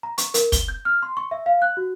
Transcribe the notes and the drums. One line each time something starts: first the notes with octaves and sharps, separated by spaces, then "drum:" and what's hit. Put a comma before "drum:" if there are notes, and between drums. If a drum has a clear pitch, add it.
A#5
C#6, drum: hi-hat
A#4, drum: hi-hat
G7, drum: kick, hi-hat
G6
F6
C6
C#6
E5
F5
F#6
F#4